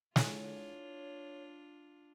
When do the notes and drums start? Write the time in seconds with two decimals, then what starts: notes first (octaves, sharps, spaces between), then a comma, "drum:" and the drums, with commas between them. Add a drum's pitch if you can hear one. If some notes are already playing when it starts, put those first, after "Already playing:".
0.16 D4 E4 F4 A4 C#5 G#5, drum: snare